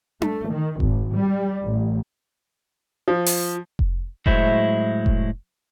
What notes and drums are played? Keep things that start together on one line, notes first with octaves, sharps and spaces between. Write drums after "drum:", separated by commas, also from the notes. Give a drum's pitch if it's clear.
A3, drum: tom D4
D#3
G#1, drum: kick F1
G3
A1
F3
drum: open hi-hat
drum: kick F1
A2 F#3 G#3 E4 C5 E5, drum: kick F1
drum: kick F1